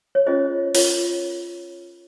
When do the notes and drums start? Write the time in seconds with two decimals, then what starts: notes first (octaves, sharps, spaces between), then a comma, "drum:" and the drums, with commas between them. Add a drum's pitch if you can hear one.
0.15 C#5
0.26 C#4 F4 G#4 C5 D#5
0.75 F4 A#4 C#5, drum: open hi-hat